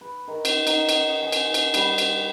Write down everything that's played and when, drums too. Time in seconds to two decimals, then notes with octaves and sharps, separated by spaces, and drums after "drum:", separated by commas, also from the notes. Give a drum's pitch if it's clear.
0.01 B4
0.28 D#3
0.45 drum: cymbal
0.67 D#4, drum: cymbal
0.89 drum: cymbal
1.22 G#5
1.32 drum: cymbal
1.54 drum: cymbal
1.74 G3, drum: cymbal
1.98 drum: cymbal